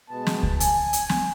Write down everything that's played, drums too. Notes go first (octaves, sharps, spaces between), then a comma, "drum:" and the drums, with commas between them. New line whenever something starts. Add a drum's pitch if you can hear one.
B2 G#3 B3 A5
drum: snare
drum: kick C#2
G#5, drum: hi-hat
drum: hi-hat
drum: snare